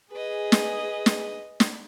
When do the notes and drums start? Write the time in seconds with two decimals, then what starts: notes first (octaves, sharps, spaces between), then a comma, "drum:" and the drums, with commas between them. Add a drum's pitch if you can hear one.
0.12 G#4 B4 D#5
0.52 drum: snare
1.06 drum: snare
1.60 drum: snare